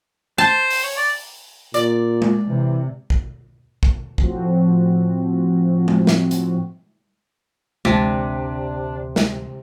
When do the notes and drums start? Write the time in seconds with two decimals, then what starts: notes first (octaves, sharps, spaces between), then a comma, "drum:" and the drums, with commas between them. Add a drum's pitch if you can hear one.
0.38 C5 A5
0.70 drum: open hi-hat
0.83 C#5
0.97 D5
1.74 A#2 D5, drum: hi-hat
2.22 drum: tom G#3
2.47 C3 E3
3.10 drum: kick
3.83 drum: kick
4.18 A2 F3 C4 F#4, drum: kick
5.88 drum: tom G#3
6.07 drum: snare
6.31 drum: hi-hat
7.85 A1 D2 C3 D4, drum: tom G#3
9.16 drum: snare